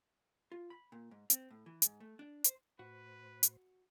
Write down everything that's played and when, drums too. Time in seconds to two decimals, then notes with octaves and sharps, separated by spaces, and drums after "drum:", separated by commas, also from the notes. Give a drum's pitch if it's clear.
0.52 F4
0.70 B5
0.92 A#2
1.11 G#2
1.30 C4, drum: hi-hat
1.51 A2
1.66 E3
1.82 G#2, drum: hi-hat
2.00 A3
2.19 D4
2.44 C5, drum: hi-hat
2.79 A2 F#4 B4 C5
3.43 drum: hi-hat